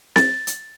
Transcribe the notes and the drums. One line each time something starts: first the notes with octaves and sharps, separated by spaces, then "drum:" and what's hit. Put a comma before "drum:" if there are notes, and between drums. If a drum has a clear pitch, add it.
A6, drum: snare C4
drum: hi-hat